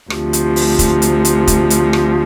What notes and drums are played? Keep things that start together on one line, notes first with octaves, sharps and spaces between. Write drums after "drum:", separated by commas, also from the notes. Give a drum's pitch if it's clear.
D2 C3 F3, drum: rim click
drum: hi-hat
drum: open hi-hat
drum: kick, hi-hat
drum: hi-hat
drum: hi-hat
drum: kick, hi-hat
drum: hi-hat
drum: rim click